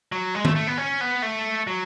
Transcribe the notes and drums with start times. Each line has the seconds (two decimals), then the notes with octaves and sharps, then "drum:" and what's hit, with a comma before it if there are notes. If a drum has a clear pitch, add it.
0.12 F#3
0.35 G#3
0.45 A3, drum: tom D#3
0.56 A3
0.67 B3
0.78 C#4
1.01 B3
1.22 A3
1.67 F#3